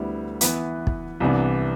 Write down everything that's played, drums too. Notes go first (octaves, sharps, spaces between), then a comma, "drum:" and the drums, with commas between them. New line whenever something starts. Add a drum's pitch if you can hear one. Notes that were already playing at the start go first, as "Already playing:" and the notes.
Already playing: D2 D3 G3 B3 E4
E3 B3 E4 B4, drum: hi-hat
drum: kick
C2 C3 E3 B3 D4